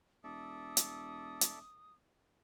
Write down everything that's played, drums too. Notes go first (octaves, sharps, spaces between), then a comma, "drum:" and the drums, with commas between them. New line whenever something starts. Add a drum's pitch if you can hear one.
E1 A4 D5 E5 D#6
drum: hi-hat
drum: hi-hat